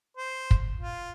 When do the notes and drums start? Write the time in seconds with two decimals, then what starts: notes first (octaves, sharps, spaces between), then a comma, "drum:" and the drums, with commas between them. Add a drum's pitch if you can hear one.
0.17 C5
0.51 drum: kick
0.79 F4